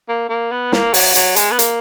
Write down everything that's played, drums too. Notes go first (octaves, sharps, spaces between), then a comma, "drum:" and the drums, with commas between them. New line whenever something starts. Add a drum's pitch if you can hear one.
A#3
A#3
B3
A#3, drum: snare
F#3, drum: open hi-hat
F#3, drum: hi-hat
G#3, drum: hi-hat
B3
A#3, drum: hi-hat